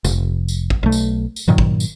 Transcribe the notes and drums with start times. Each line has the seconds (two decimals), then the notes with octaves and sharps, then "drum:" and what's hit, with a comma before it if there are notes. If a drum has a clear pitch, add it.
0.04 F1, drum: tambourine
0.48 drum: tambourine
0.70 drum: kick
0.83 B1 A3
0.92 drum: tambourine
1.36 drum: tambourine
1.48 G2 A#2 D#3 F#3
1.58 drum: kick
1.80 drum: tambourine